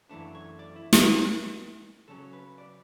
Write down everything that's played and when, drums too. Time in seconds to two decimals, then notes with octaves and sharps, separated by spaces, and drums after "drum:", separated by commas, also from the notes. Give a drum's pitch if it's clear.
0.10 F#2 E3 A3 D4
0.35 C#5
0.59 D5
0.76 E4
0.93 F#4, drum: snare
2.08 C#3 F#3 C#4 A4
2.33 B4
2.58 D5